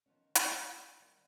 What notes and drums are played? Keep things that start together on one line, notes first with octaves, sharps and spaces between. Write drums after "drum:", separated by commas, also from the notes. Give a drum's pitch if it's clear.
D#3 F3 B3 C#4
E3 F3 G#3 C#4, drum: hi-hat
F#4 C5 C#5
F4
D#3 G3 C4